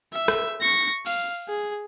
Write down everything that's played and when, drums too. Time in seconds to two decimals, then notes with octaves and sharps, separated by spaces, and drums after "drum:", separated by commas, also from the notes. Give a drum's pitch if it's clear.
0.13 E5
0.28 drum: rim click
0.61 C#6 A#6
1.06 F5, drum: cymbal
1.49 G#4